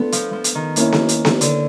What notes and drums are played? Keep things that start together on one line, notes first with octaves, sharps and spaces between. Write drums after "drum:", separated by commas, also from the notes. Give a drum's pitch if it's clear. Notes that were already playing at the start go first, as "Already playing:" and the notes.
Already playing: A3 B3 D4 F4
F3, drum: hi-hat
F3
drum: hi-hat
D#3
A#3 C#4 E4, drum: hi-hat
drum: snare B3
drum: hi-hat
drum: snare B3
D3, drum: hi-hat